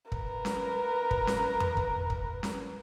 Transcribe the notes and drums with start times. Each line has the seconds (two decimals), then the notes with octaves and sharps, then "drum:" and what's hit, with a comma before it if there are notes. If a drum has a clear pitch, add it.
0.12 A#4 B4, drum: kick
0.45 drum: snare C#4
1.11 drum: kick
1.27 drum: snare C#4
1.60 drum: tom F2
1.77 drum: kick
2.10 drum: kick
2.43 drum: snare C#4